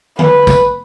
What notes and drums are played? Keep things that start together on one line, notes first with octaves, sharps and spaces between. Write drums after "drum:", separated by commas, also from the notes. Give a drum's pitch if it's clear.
B4, drum: tom D3
drum: kick, tambourine